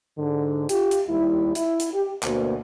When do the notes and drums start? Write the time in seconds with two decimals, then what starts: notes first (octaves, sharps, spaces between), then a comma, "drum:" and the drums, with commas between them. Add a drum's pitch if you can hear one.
0.18 G#2 D3
0.69 F4 G4, drum: hi-hat
0.91 drum: hi-hat
1.08 D#2 G3 E4
1.55 E4, drum: hi-hat
1.80 drum: hi-hat
1.94 G4
2.23 D2 B2 A#3 C5, drum: clap